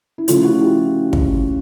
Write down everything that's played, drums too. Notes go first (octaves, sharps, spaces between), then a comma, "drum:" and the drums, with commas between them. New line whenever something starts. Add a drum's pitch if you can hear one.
E4
C#3 F3 A3 C#4 F4, drum: hi-hat
E4 F#4
F4 G4
drum: kick